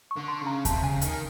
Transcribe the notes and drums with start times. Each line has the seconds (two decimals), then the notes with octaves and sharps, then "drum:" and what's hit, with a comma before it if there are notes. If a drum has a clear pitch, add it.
0.11 C#6
0.16 D3
0.28 C6
0.41 C#3
0.47 A#5
0.65 C3 A5, drum: kick D#2, hi-hat
0.83 C#3 G#5
1.01 D#3 G#5, drum: hi-hat